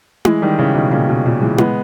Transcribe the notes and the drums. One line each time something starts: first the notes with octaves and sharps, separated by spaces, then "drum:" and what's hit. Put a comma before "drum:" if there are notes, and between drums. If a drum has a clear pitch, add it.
E3 G#3, drum: tom E4
D#3 G3
C#3 E3
B2 D#3
A#2 C#3
B2
A#2 C#3
E3 G#3
G#3 B3, drum: tom E4